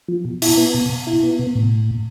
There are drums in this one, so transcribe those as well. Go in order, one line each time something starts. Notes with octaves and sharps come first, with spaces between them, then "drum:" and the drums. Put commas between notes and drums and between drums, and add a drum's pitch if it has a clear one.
F3
B2
E4, drum: open hi-hat
B3
B2
B2
E4
B3
B2
A2